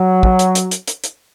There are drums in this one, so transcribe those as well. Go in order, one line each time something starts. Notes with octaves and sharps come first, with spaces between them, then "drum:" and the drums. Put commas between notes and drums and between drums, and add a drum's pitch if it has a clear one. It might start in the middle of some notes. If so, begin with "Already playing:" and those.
Already playing: F#3
drum: kick
drum: hi-hat
drum: hi-hat
drum: hi-hat
drum: hi-hat
drum: hi-hat